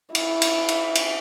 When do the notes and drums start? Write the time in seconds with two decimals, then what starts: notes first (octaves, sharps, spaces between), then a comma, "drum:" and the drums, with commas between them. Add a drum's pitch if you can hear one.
0.15 E4, drum: cymbal
0.42 drum: cymbal
0.69 drum: cymbal
0.95 drum: cymbal